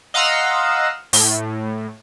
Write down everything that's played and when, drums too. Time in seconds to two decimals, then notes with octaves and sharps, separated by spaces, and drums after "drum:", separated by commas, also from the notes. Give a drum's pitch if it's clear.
0.14 D#5 F5 F#5 A#5 C6 E6
1.13 A2, drum: open hi-hat